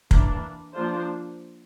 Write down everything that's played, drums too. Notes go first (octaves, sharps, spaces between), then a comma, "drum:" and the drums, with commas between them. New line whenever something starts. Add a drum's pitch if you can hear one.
E3 A#3 D4, drum: kick
F3 A#3 D4 F4 C5